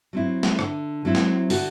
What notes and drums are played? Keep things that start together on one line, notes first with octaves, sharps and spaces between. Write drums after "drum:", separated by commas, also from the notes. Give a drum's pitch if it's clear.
F#3 C4 E4
drum: snare
D3, drum: rim click
F#3 C4 E4
drum: snare
D3 F#4, drum: open hi-hat